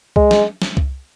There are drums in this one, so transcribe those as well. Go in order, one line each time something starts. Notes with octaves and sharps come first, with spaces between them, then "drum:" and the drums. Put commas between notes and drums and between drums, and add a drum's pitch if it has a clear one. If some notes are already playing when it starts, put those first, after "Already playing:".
G#3, drum: kick C2
drum: snare
drum: snare
drum: kick C2